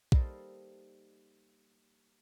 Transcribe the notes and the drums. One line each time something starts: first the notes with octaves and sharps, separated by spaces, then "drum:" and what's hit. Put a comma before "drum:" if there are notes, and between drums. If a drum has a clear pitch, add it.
G3 A#3 D#4 A4 A#4 C5, drum: kick